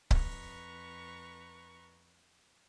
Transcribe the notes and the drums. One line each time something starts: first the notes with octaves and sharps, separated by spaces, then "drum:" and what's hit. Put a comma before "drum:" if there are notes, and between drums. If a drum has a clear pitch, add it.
F2 B4 A#5 C#6, drum: kick C#1